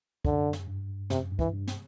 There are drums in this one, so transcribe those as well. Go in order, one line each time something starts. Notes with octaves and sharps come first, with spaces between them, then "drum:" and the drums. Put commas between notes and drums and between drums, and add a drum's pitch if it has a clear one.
F#2 D3, drum: kick
drum: snare
G2
F#2 C3, drum: snare
G2
E3, drum: kick
G2
drum: snare